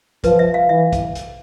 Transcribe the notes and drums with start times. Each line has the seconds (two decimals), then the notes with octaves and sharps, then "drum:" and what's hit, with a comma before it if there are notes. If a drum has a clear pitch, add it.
0.24 F3 B4, drum: kick, hi-hat
0.39 E5
0.54 F5
0.69 E3 E5
0.93 drum: kick, hi-hat
1.15 drum: hi-hat